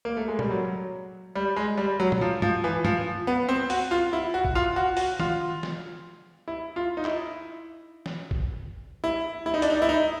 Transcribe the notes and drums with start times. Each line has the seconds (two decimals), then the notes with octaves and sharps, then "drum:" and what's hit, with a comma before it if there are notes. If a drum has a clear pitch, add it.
0.05 A#3
0.17 A3
0.28 G#3
0.39 G3, drum: tom
0.51 F#3
1.35 G3
1.56 G#3
1.77 G3
2.00 F#3
2.12 drum: tom
2.21 F3
2.42 F3, drum: tom
2.64 E3
2.85 F3, drum: tom
3.27 B3
3.49 C4
3.70 F#4, drum: open hi-hat
3.91 F4
4.13 E4
4.34 F#4
4.45 drum: kick
4.55 F4
4.76 F#4
4.97 F#4, drum: open hi-hat
5.20 F4, drum: tom D#3
5.63 drum: snare
6.48 E4
6.76 F4
6.97 D#4
7.05 E4, drum: clap
8.06 drum: snare
8.31 drum: kick
9.04 E4
9.46 E4
9.54 D#4
9.62 D4, drum: hi-hat
9.70 D#4
9.82 E4
9.89 D#4